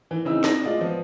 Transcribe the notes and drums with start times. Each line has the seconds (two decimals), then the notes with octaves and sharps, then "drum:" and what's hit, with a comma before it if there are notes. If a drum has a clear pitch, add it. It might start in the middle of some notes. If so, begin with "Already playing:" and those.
0.11 E3
0.25 C#3 C4 D#4 E4 E5 E6
0.44 A#6, drum: snare
0.64 G#3 F4 D5 D#5
0.81 F3 B3